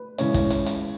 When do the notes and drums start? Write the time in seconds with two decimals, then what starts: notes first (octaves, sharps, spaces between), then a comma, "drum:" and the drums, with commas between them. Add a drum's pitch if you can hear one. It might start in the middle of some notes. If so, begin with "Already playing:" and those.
Already playing: B4
0.18 C#3 E3 G#3 C#4, drum: hi-hat
0.34 drum: kick, hi-hat
0.50 drum: hi-hat
0.66 drum: hi-hat